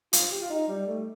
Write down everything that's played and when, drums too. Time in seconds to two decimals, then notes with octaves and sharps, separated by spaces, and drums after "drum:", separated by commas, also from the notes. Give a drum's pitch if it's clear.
0.13 F4, drum: hi-hat
0.31 G4
0.41 F4
0.50 D#4
0.68 G3
0.87 A3